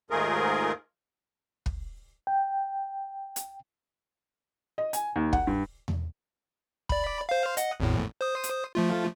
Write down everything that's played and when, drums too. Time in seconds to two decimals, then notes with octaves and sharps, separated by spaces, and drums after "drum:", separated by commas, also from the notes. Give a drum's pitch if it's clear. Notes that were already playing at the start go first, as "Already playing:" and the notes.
0.10 D#2 G#2 A3 F4 G#4 A#4
1.66 drum: kick
2.27 G5
3.36 drum: hi-hat
4.78 D#5
4.93 G#5, drum: hi-hat
5.16 D#2
5.33 F#5, drum: kick
5.47 G2
5.88 drum: tom E2
6.89 D5 B5, drum: kick
7.29 C5 F5
7.57 D#5 F#5, drum: hi-hat
7.80 G#1 E2 A2
8.21 C5 D#6
8.44 drum: hi-hat
8.75 F3 A3 F4